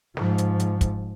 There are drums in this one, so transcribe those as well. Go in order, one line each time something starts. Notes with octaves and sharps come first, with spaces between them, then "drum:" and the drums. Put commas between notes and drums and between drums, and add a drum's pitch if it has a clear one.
G#2 F3, drum: snare
drum: hi-hat
drum: hi-hat
drum: kick, hi-hat